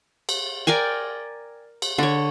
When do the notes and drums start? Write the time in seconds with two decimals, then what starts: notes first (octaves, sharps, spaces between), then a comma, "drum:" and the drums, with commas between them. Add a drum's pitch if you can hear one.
0.29 drum: cymbal
0.67 A#4 D5 G5 G#5
1.82 drum: cymbal
1.98 D3 C#5